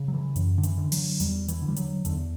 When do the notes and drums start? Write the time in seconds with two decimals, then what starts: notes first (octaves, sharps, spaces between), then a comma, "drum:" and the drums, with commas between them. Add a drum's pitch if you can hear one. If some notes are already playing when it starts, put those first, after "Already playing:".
Already playing: C#3
0.08 F#3
0.13 E3
0.36 F#2, drum: hi-hat
0.58 D3
0.63 E3, drum: hi-hat
0.78 D3
0.92 F#3, drum: open hi-hat
1.20 E2 G3, drum: hi-hat
1.48 E3, drum: hi-hat
1.62 D3
1.68 G3
1.76 F#3, drum: hi-hat
2.05 E2 D3, drum: hi-hat